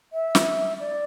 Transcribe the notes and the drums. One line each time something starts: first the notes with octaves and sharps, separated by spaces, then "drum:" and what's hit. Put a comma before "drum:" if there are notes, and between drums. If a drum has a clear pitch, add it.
E5
drum: snare
D5